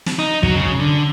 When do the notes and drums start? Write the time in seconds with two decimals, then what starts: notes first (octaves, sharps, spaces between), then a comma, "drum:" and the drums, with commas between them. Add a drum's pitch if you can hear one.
0.06 drum: snare
0.19 D#4
0.43 F#3, drum: kick
0.56 C#3
0.79 D3